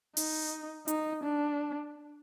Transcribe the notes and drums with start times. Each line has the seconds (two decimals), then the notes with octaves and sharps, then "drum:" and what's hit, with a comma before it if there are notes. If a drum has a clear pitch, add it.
0.17 D#4, drum: open hi-hat
0.88 D#4, drum: hi-hat
1.24 D4